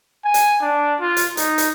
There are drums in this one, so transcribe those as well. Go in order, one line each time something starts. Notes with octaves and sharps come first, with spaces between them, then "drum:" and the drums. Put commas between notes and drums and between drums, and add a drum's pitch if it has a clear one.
G#5
drum: hi-hat
D4
F4
drum: hi-hat
D#4, drum: hi-hat
drum: hi-hat